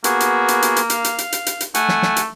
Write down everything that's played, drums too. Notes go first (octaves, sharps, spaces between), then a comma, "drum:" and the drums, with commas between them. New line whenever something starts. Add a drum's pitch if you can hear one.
A#3 B3 F#4 G#4, drum: hi-hat
drum: hi-hat
drum: hi-hat
drum: hi-hat
drum: hi-hat
F5, drum: hi-hat
drum: hi-hat
drum: hi-hat
drum: hi-hat
drum: hi-hat
drum: hi-hat
A3 F#5 G#5, drum: hi-hat
drum: snare
drum: snare
drum: hi-hat